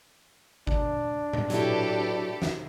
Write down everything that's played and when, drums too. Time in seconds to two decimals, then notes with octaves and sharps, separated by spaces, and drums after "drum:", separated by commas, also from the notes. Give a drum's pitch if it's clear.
0.67 D4, drum: kick G1
1.33 drum: tom A2
1.50 F#3 E4 G4 A4 B4, drum: hi-hat
2.42 drum: snare